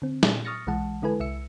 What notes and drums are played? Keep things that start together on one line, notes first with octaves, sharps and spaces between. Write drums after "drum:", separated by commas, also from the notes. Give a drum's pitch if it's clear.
D3 C4
A#2, drum: snare
C#6 D#6 F6 A6 A#6 C#7
B1 E3 G#3 F#5 A5
D3 G#3 E4 A4 B4 G#5
C2 E5 E6 C#7